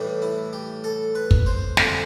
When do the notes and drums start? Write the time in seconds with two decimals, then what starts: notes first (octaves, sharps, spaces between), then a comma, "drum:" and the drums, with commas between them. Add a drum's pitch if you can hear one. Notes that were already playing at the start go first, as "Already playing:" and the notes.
Already playing: A2 E3 G3
0.22 E4
0.53 G4
0.84 A4
1.15 B4
1.31 drum: kick
1.46 C5
1.77 F2 D3 G3 C4, drum: snare